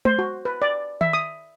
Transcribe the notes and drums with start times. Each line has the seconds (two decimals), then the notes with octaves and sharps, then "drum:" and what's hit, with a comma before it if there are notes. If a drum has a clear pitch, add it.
0.05 C5, drum: tom G#3
0.19 F#4
0.45 B4
0.62 D5
1.01 E5, drum: tom D#3
1.13 D#6